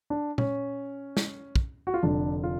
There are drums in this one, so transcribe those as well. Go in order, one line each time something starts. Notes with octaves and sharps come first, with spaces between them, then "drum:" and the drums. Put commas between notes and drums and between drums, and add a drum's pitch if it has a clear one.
D4
C#4, drum: tom A#2
drum: snare
drum: kick
F#4
F4
F1 F2 D3 D4
F4